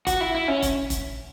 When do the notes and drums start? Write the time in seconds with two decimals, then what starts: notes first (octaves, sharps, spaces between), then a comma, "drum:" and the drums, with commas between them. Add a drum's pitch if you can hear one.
0.07 F#4, drum: kick F1, hi-hat
0.21 E4
0.34 E4
0.48 C#4
0.62 drum: kick F1, hi-hat
0.90 drum: kick F1, hi-hat